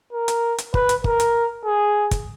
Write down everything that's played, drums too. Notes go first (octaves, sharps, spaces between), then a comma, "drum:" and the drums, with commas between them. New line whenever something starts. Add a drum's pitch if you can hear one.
A#4
drum: hi-hat
drum: hi-hat
B4, drum: kick
drum: hi-hat
A#4, drum: kick
drum: hi-hat
G#4
drum: kick, hi-hat